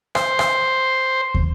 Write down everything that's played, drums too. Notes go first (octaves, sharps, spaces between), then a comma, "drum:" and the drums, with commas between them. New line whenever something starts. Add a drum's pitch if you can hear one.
C5, drum: rim click
drum: rim click
drum: kick